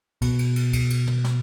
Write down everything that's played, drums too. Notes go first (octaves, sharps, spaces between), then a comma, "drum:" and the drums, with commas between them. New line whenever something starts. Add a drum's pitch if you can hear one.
B2, drum: kick, cymbal
drum: cymbal
drum: cymbal
drum: kick, cymbal
drum: cymbal
drum: tom
drum: snare